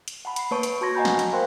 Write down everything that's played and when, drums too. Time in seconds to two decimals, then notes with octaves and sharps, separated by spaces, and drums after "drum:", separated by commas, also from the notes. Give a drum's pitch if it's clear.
0.08 drum: hi-hat
0.25 F#5 A5 B5
0.36 B5 C7, drum: hi-hat
0.51 A#3 B4 C#5 A5 C#6 D7
0.63 drum: hi-hat
0.81 F#4 A5 C6 C#6 G#6 A#6
0.95 D#5 F#5 G#5 A#5 B5 G6
1.05 drum: snare
1.19 drum: hi-hat
1.33 A#4 C5 F5 G5 C6 F#6